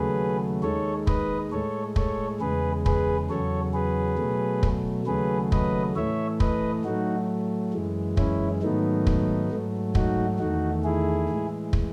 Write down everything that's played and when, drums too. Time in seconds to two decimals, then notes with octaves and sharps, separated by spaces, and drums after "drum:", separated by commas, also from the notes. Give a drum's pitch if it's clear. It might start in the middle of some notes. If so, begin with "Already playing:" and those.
Already playing: D#2 C#3 F#3 A3 G#4 B4
0.63 D#2 D#3 G#3 A4 C#5
1.07 B4 D#5, drum: kick
1.52 A2 G#3 A4 C#5
1.96 A4 C#5, drum: kick
2.40 E2 C#3 G#3 G#4 B4
2.86 G#4 B4, drum: kick
3.30 E2 C#3 F#3 A4 C#5
3.73 G#4 B4
4.18 B2 F#3 A3
4.63 drum: kick
5.07 D#2 C#3 F#3 A3 G#4 B4
5.52 B4 D#5, drum: kick
5.96 A2 E3 A3 C#5 E5
6.40 B4 D#5, drum: kick
6.85 A2 F#3 A3 D#4 F#4
7.73 F#2 E3 G#3
8.17 C#4 E4, drum: kick
8.62 G#2 D#3 F#3 A3 B3 D#4
9.07 drum: kick
9.51 G#2 F#3 A3
9.95 D#4 F#4, drum: kick
10.39 E2 D#3 A3 D#4 F#4
10.84 E4 G#4
11.29 A2 E3 G#3
11.73 drum: kick